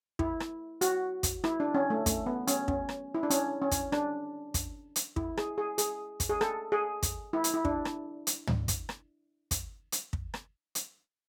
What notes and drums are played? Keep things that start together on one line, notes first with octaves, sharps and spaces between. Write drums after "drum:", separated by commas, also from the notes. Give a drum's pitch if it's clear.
E4, drum: kick
drum: rim click
F#4, drum: hi-hat
drum: kick, hi-hat
E4, drum: rim click
D4
C#4
A3
A3, drum: kick, hi-hat
B3
C#4, drum: hi-hat
C#4, drum: kick
drum: rim click
E4
D4
C#4, drum: hi-hat
C#4
drum: kick, hi-hat
D4, drum: rim click
drum: kick, hi-hat
drum: hi-hat
E4, drum: kick
G#4, drum: rim click
G#4
G#4, drum: hi-hat
drum: kick, hi-hat
G#4
A4, drum: rim click
G#4
drum: kick, hi-hat
E4
drum: hi-hat
E4
D4, drum: kick
drum: rim click
drum: hi-hat
drum: tom
drum: kick, hi-hat
drum: rim click
drum: kick, hi-hat
drum: hi-hat
drum: kick
drum: rim click
drum: hi-hat